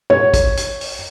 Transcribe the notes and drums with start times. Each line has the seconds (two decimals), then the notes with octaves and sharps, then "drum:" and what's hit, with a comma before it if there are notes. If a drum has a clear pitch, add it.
0.10 C#5, drum: tom
0.34 drum: kick, hi-hat
0.57 drum: hi-hat
0.81 drum: open hi-hat